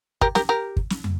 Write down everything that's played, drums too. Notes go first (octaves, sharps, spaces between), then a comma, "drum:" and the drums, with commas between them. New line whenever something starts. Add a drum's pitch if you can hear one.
G4 A#4, drum: kick
G4 A#4, drum: snare
G4 A#4
drum: kick
drum: snare
drum: tom